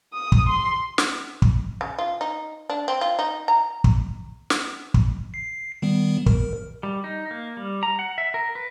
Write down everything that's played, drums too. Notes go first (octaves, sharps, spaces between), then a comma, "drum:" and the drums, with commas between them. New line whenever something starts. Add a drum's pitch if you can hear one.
D#6
drum: kick
C6
drum: snare
drum: kick
C#3
F4
D#4
D4
C4
F4
D#4
A#5
drum: kick
drum: snare
drum: kick
C7
D#3 G3 B3
A#4, drum: kick
G3
D#4
A#3
G3
A#5
F#5
E5
A#4
B4